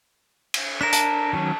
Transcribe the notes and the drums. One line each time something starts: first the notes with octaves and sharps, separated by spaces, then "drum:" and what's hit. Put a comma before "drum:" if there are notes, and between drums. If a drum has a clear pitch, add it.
drum: cymbal
D4 A#4 B6 E7
A5, drum: hi-hat
D#3 F#3 C#4